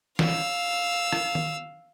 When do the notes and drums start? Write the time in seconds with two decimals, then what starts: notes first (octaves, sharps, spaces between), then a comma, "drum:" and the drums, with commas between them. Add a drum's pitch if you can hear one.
0.19 F5 E6, drum: snare
1.12 drum: rim click
1.35 drum: tom D#3